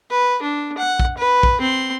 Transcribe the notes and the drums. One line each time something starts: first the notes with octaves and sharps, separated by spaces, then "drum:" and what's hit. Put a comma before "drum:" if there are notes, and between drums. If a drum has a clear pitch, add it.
B4
D4
F#5
drum: kick
B4
drum: kick
C4 C6